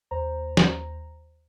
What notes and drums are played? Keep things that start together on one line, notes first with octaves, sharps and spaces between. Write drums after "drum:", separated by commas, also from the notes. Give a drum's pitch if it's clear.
D#2 C5 A#5
drum: snare